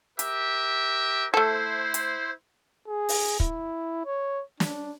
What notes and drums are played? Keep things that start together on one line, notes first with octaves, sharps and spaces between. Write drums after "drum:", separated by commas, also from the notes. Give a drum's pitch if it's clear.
G4 A#4 E5, drum: hi-hat
A3 E4 A4 C5
drum: hi-hat
G#4
drum: open hi-hat
E4, drum: kick
C#5
D4, drum: snare